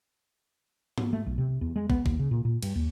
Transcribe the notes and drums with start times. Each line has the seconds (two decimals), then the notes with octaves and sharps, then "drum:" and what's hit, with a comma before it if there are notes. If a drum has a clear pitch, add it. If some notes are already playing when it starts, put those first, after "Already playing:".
0.98 drum: tom G#2
1.13 A3
1.26 B1
1.38 C3
1.61 E2
1.76 G#3
1.90 B3, drum: kick
2.06 D#2, drum: kick
2.19 C#3
2.31 A#2
2.45 A#2
2.63 G2, drum: cymbal
2.75 D#2